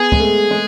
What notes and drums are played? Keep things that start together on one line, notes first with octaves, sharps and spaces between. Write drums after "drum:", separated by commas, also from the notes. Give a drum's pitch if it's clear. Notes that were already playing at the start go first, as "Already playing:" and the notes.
Already playing: B3 G#4
G#3, drum: kick C#2
A3
G#3